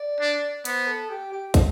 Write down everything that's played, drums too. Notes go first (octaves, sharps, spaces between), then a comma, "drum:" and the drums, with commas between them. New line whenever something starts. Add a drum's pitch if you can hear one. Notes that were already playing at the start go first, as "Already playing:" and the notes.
Already playing: D5
D4
B3 C5, drum: hi-hat
A4
G4
G4
drum: kick, hi-hat